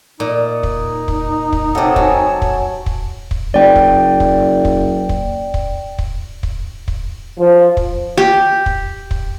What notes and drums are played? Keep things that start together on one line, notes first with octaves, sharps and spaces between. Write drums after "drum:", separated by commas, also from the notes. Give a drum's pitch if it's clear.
A#2 D#4
drum: kick
drum: kick
drum: kick
C3 F#4 G4 A4 C#5 F#5 A5
F#3 F#4 G#5, drum: kick
drum: kick
drum: kick
drum: kick
F#1 D5 G5
drum: kick
drum: kick
drum: kick
drum: kick
drum: kick
drum: kick
drum: kick
drum: kick
F3
drum: kick
G4
drum: kick
drum: kick